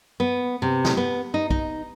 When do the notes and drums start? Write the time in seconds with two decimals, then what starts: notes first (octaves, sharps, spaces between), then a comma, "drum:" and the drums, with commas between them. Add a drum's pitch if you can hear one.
0.20 B3
0.62 C3
0.85 drum: snare
0.97 B3
1.34 D#4
1.50 D#4, drum: kick B1